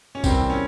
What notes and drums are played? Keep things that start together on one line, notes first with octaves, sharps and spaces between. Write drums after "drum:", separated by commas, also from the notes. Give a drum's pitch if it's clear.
C#4
C3 E3 G3 A#3 C4, drum: kick, tambourine
C#4